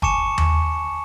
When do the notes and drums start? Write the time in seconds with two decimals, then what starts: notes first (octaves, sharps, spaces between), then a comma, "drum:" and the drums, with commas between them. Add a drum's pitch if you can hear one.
0.02 G#5 A5 C#6 D6 C#7 E7, drum: kick
0.38 drum: tom D#2